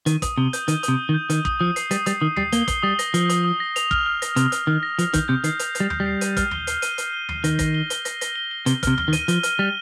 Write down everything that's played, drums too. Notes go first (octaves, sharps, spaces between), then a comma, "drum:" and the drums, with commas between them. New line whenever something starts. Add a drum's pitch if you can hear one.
D#3 D#7, drum: hi-hat
D#6, drum: kick, hi-hat
C3 G7
G6, drum: hi-hat
D#3 D#7, drum: hi-hat
D#6, drum: hi-hat
C3
G7
D#3
G6
D#3 D#7, drum: hi-hat
D#6, drum: kick
F3 D#6
C7, drum: hi-hat
G3 D#7, drum: hi-hat
G3 D#6, drum: hi-hat
D#3 D#6
G3 C7, drum: tom D#2
A#3 G7, drum: hi-hat
D#6, drum: kick, hi-hat
G3 D#6
A#6, drum: hi-hat
F3 G7, drum: hi-hat
D#6, drum: hi-hat
D#6
A#6
F7, drum: hi-hat
F6, drum: kick
F6
A#6, drum: hi-hat
C3 F7, drum: hi-hat
F6, drum: hi-hat
D#3 F6
A#6
F3 F7, drum: hi-hat
D#3 G6, drum: kick, hi-hat
C3 G6
D#3 C7, drum: hi-hat
F7, drum: hi-hat
G6, drum: hi-hat
G3
G6, drum: tom D#2
G3
C7
D#7, drum: hi-hat
F6, drum: kick, hi-hat
G7, drum: tom D#2
C7, drum: hi-hat
D#7, drum: hi-hat
F6, drum: hi-hat
G7
C7, drum: tom D#2
D#3 A#6, drum: hi-hat
A#6, drum: kick, hi-hat
G7
G7, drum: hi-hat
A#6, drum: hi-hat
A#6, drum: hi-hat
G7
G7
C3 G7, drum: hi-hat
C3 F6, drum: kick, hi-hat
F6, drum: tom D#2
D#3
D#7, drum: hi-hat
F3 G7, drum: hi-hat
F6, drum: hi-hat
G3 F6